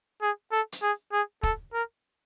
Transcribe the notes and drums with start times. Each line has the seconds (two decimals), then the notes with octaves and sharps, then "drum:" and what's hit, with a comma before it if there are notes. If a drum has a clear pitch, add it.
0.22 G#4
0.52 A4
0.72 drum: hi-hat
0.83 G#4
1.13 G#4
1.43 A4, drum: kick
1.73 A#4